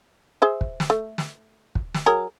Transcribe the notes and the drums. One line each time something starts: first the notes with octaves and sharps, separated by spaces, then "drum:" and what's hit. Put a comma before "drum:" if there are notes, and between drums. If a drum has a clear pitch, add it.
G#4 C5 E5
drum: kick
drum: snare
A3
drum: snare
drum: kick
drum: snare
F#3 G#4 A#4